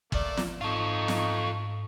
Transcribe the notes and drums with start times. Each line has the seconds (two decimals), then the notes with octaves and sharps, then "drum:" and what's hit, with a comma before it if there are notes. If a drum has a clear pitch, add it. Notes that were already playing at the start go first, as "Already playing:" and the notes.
0.12 A3 A#3 D5, drum: kick
0.37 drum: snare
0.61 G#2 D#4 F4 A4 C#6
1.08 drum: snare